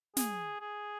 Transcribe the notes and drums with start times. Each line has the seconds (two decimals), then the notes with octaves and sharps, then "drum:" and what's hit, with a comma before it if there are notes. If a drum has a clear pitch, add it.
0.17 G#4, drum: snare
0.61 G#4